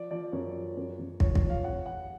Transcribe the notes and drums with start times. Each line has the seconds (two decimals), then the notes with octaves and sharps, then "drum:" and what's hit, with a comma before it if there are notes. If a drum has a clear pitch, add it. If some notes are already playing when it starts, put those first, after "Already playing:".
Already playing: F3 D5
0.11 F3 D5
0.32 F#2 C#5
0.55 F3
0.77 F#2
0.99 F#2
1.20 F3 C#5, drum: kick
1.35 C#5, drum: kick
1.43 F3
1.50 F5
1.64 F2 F#5
1.86 F3 F#5